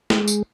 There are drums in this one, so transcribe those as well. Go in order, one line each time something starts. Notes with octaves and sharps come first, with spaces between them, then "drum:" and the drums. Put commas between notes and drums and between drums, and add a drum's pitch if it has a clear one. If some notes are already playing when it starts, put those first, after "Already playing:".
G#3, drum: snare
drum: tambourine